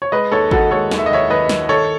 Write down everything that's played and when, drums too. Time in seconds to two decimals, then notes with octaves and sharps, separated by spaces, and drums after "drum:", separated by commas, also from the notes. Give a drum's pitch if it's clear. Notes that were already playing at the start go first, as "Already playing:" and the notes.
0.02 C#5
0.12 G#3 B4 D#5
0.32 D#2 A4 C#5
0.51 D#3 F#4 A4, drum: kick G#1
0.71 G#3 A4 C#5
0.91 D#2, drum: snare
0.98 E5
1.06 D#5
1.11 D#3 C#5 E5
1.30 D#3 B4 D#5
1.49 D#3, drum: snare
1.69 D#3 A4 C#5